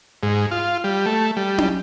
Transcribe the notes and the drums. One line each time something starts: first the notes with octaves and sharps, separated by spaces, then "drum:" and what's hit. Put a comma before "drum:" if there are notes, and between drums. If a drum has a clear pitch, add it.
G#2
F4
G3
A3
G3
drum: tom C#4